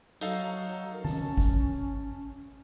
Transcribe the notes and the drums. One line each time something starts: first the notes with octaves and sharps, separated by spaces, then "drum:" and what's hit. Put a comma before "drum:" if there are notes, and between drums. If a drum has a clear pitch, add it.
F#3 D#4 A4 F5, drum: tambourine
A#4
C#4 A5, drum: tom D#3
drum: kick G#1